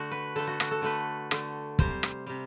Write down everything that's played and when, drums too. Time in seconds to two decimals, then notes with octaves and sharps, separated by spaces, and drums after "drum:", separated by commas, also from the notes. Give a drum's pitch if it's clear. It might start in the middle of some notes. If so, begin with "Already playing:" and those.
Already playing: D3 A3 F#4
0.11 B4
0.36 D3 A3 A4
0.47 F#4
0.60 F#4, drum: rim click
0.71 A4
0.82 D3 A3 B4
1.31 D3 A3, drum: rim click
1.79 C3 G3 C5, drum: kick
2.03 drum: rim click
2.26 C3 G3